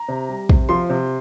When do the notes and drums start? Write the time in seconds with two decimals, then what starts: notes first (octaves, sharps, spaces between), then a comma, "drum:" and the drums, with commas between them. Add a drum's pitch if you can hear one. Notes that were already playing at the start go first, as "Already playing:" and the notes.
Already playing: A#5
0.08 C3
0.29 G3
0.49 C3, drum: kick
0.69 F3 C6
0.90 C3